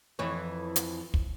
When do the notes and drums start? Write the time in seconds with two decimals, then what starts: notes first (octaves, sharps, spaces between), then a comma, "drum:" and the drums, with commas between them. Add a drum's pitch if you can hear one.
0.19 F2 E3 C#5
0.76 drum: hi-hat
1.14 drum: kick